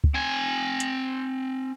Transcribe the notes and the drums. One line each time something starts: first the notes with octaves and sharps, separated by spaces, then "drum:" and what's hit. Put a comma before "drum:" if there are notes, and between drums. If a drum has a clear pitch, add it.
drum: kick
C4 G#5
drum: hi-hat